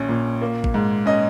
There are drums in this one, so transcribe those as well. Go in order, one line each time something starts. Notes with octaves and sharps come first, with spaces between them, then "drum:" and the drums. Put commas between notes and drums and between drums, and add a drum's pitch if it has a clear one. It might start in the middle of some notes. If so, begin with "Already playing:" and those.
Already playing: A#1 C#4
A#2
A#3
drum: kick
G#2
C#4 D#5